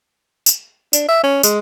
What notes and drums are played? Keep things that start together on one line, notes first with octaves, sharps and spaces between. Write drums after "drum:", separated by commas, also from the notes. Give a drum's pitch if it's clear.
drum: tambourine
D4, drum: tambourine
E5
C#4
G#3, drum: tambourine